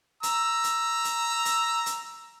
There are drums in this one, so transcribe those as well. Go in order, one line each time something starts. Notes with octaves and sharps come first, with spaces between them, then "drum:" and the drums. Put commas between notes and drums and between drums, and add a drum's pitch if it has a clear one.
A#5 E6, drum: hi-hat
drum: hi-hat
drum: hi-hat
drum: hi-hat
drum: hi-hat